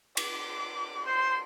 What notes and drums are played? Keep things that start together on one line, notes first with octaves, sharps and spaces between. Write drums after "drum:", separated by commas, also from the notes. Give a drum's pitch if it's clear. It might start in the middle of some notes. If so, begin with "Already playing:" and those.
D6, drum: cymbal
C5 C6